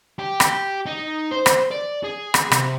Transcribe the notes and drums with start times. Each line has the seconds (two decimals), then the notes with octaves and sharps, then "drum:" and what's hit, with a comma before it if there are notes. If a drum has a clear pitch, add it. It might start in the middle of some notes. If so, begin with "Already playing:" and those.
0.19 G4
0.40 drum: rim click
0.86 D#4
1.31 C5
1.46 drum: rim click
1.71 D5
2.04 G#4
2.34 drum: rim click
2.52 C3, drum: rim click